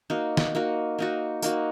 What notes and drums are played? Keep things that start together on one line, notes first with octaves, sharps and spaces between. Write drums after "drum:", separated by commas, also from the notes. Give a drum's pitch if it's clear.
A#3 D#4 F#4
drum: snare
A#3 D#4 F#4
A#3 D#4 F#4
A#3 D#4 F#4, drum: tambourine